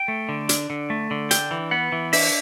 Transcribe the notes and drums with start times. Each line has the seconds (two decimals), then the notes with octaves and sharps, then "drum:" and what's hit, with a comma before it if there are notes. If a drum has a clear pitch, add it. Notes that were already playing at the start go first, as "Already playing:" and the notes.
Already playing: G5
0.08 A3
0.29 D3
0.49 D4, drum: hi-hat
0.70 D3
0.90 A3
1.11 D3
1.31 D4 G5, drum: hi-hat
1.51 E3
1.71 B3 F#5
1.92 E3
2.13 D4 E5, drum: open hi-hat